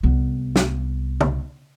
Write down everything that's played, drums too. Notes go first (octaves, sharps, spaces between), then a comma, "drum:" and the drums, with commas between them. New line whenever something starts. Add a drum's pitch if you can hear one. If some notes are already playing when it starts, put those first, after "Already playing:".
C2 B3
drum: snare
drum: tom C#3